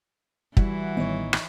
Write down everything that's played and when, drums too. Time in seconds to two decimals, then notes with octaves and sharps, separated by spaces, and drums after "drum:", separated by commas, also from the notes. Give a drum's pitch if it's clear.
0.57 E3 G3 E4 F#4 F#5, drum: kick
0.97 A1 D#3 B3 D#4 C#5
1.33 drum: rim click